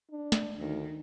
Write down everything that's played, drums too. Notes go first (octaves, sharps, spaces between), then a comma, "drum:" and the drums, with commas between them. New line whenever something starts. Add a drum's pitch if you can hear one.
D4
drum: snare
D2 D#3